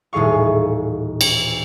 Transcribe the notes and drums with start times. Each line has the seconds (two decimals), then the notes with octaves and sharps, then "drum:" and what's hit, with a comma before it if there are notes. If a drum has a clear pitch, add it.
0.13 D#1 A2 E3 G#4 F5 C#6
1.21 drum: cymbal